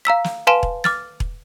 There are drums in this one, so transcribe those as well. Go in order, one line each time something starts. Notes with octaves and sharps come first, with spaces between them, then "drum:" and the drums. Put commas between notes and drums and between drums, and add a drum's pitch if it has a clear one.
F5 A#5 E6 B6
drum: snare
B4 F5 G#5 A5 C6 E7
drum: kick E1
D6 F6 A6, drum: snare
drum: kick E1